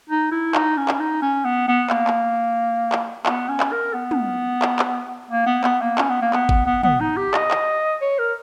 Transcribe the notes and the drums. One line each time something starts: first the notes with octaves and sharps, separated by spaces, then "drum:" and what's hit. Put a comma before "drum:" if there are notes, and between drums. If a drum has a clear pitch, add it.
D#4
E4
D#4, drum: clap
C#4
drum: clap
D#4
C#4
B3
B3
A#3, drum: clap
drum: clap
drum: clap
B3, drum: clap
C#4
drum: clap
A#4
B3
drum: tom
drum: clap
drum: clap
A#3
B3
B3, drum: clap
A#3
C#4, drum: clap
B3
A#3
B3, drum: clap
drum: kick G1
B3
B3, drum: tom
D#4
G4
D#5, drum: clap
drum: clap
C#5
A#4